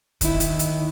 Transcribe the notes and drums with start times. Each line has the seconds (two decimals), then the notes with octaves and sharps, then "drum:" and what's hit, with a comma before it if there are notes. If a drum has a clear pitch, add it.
0.21 D#2 D#3 E4, drum: kick, hi-hat
0.40 drum: hi-hat
0.59 drum: hi-hat